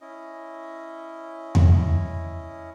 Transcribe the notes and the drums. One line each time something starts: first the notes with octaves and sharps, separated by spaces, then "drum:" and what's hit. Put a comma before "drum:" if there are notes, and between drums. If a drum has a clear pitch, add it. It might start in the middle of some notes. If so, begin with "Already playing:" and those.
C#4 E4 D#5
drum: tom E2